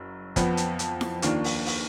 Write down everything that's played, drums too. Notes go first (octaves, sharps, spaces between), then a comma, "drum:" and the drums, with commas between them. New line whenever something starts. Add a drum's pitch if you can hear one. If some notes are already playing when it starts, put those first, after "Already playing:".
Already playing: F#1 F#2 F#3
F2 F3 B3, drum: kick, hi-hat
drum: hi-hat
drum: hi-hat
drum: snare E4
D#2 D#3 A#3 D4 F4, drum: hi-hat
drum: open hi-hat
drum: open hi-hat